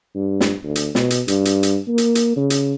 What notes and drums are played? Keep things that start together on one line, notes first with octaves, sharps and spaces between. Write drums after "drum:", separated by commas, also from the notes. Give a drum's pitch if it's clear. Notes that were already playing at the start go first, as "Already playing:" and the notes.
G2
drum: snare
D2
drum: hi-hat
B2, drum: snare
drum: hi-hat
G2, drum: hi-hat
drum: hi-hat
drum: hi-hat
A#3
drum: hi-hat
drum: hi-hat
C#3
drum: hi-hat